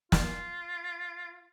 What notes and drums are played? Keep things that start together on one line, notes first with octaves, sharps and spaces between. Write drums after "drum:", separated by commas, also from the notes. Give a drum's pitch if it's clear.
F4, drum: snare